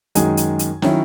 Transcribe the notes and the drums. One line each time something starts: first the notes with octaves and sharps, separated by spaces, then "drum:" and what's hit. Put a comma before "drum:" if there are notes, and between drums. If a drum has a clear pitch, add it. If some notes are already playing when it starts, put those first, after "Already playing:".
F#2 D#3 G#3 D#4 G#5, drum: hi-hat
drum: hi-hat
drum: hi-hat
D#3 F#3 C#4 E4, drum: snare